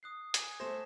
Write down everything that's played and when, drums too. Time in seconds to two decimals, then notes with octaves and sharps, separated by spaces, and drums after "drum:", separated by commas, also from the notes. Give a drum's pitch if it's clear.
0.03 D#6 F#6 C7
0.34 G#5 D6 G#6, drum: hi-hat
0.60 A3 C5 A#6 E7